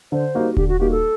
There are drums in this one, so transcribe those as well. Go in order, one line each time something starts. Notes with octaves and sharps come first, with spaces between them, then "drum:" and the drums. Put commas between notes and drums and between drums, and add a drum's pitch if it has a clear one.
D3 C5
G3 A#3 D#4 F#4
F#4
D3 G4, drum: kick D#1
F#4
G3 A#3 D#4 F#4 G4
A4